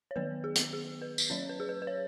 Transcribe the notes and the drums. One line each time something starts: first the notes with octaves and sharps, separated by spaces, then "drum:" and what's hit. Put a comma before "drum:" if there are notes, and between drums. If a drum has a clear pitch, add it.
C#5
D#3 F#3 B3 B4
G#4
drum: hi-hat
G#4
B4
drum: tambourine
F#3 C#4 C#5
B4
G#4
B4
B4
C#5